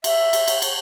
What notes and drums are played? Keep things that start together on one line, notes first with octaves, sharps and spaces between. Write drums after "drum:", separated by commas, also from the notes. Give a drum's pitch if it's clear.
E5, drum: cymbal
drum: cymbal
drum: cymbal
drum: cymbal